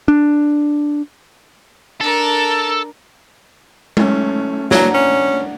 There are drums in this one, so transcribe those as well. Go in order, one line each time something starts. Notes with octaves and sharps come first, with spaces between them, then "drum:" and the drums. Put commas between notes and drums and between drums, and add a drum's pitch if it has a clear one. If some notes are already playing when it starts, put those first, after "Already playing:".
D4
D4 A4 A#4
A3 C#4, drum: tom G#3
F#3 D4 F#5 A#5, drum: snare
C#4